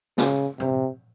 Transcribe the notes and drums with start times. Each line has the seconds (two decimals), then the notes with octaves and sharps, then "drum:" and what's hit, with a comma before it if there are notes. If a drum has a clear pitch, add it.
0.18 C#3, drum: snare
0.60 C3, drum: tom